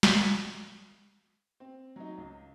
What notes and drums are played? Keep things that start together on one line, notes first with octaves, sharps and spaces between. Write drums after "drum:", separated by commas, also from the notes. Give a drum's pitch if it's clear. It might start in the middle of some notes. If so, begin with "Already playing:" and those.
drum: snare
C4
F#3 D#4
C#2